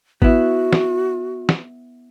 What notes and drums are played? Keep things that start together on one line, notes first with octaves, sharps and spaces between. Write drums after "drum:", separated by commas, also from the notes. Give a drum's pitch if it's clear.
B3 E4 F#4, drum: kick
drum: snare
drum: snare